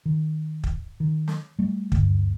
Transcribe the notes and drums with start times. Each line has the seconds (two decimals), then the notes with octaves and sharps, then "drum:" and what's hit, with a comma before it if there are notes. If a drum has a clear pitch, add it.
0.05 D#3
0.64 drum: kick
1.00 D#3
1.28 drum: snare
1.59 G3 A3
1.92 D2 G2 D3, drum: kick